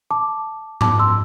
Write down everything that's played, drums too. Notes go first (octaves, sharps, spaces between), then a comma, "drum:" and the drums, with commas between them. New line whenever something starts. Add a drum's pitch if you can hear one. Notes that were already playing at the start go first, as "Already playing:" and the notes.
A5 D6
A5 D6, drum: tom G#2
C6 E6